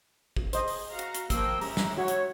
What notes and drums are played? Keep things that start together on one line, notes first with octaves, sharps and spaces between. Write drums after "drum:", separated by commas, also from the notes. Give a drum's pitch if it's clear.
drum: kick
G#4 C5 D#5, drum: hi-hat
drum: open hi-hat
F#4 F5 A#5
drum: hi-hat
drum: hi-hat
F3 A#3 G5 E6, drum: kick, hi-hat
F#2 G#3 C#4 G4 E5 A#5, drum: open hi-hat
drum: snare
F#4 C#5
drum: hi-hat